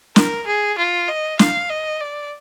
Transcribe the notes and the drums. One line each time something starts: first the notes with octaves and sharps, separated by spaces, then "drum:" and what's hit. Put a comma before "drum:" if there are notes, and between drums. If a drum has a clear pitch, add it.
A#4, drum: snare
G#4
F4
D#5
F5, drum: snare
D#5
D5